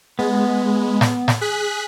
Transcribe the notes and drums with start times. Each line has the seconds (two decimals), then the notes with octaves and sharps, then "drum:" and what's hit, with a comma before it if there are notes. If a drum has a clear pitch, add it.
0.19 G#3 B3
1.01 drum: snare
1.28 drum: snare
1.41 G#4 F#6 B6